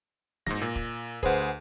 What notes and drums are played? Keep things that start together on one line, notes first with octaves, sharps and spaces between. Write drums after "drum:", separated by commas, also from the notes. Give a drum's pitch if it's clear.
G#2 A#6, drum: snare
A#2
drum: kick E1
D2 G#4 B4 C5 F#5, drum: kick E1